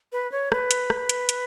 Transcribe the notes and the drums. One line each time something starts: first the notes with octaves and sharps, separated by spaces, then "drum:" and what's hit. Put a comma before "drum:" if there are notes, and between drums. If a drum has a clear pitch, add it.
B4
C#5
B4, drum: rim click
drum: hi-hat
drum: rim click
drum: hi-hat
drum: hi-hat